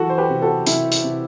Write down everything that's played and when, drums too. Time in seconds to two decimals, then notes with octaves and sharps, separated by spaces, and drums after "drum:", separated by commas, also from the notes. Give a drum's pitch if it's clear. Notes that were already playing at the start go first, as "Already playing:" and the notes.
Already playing: E3 F#4 A4
0.10 C5
0.18 G4 B4
0.30 C3
0.42 F#4 A4
0.67 C3 E4, drum: hi-hat
0.92 drum: hi-hat
1.04 C3